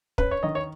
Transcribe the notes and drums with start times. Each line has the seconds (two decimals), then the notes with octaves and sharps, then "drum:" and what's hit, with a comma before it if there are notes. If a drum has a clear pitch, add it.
0.18 C#4 B4, drum: kick
0.31 C#5
0.43 D#3 D#5
0.55 C#5